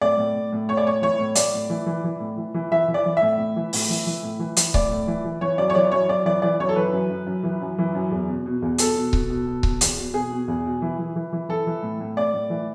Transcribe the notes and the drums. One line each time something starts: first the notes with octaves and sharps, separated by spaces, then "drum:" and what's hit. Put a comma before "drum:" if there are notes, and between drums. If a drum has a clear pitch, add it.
A2 D5
A2
A2
A2
A2 C#5
D5
A2 C#5
E3 C#5
A2
A2 D5, drum: hi-hat
A2
E3
E3
E3
A2
E3
E3
E3 E5
E3
D5
E3
A2 E5
A2
E3
A2, drum: open hi-hat
E3
E3
A2
E3
E3, drum: hi-hat
A2 D5, drum: kick C#1
A2
E3
E3
E3 C#5
F#2 D5
C#5
E3 D5
F#2 C#5
F#2 D5
E3 D5
E3 D5
F#2 C#5
A4
E3 B4
F#2
F#2
F#2
E3
F#2
E3
F#2
E2
B2
B2
E2
B2 A4, drum: hi-hat
B2
B2, drum: kick C#1
B2
B2
B2, drum: kick C#1
E2, drum: hi-hat
B2
B2 G#4
B2
E2
B2
E3
E3
E3
E3
E3 A4
E3
A2
A2
A2 D5
A2
E3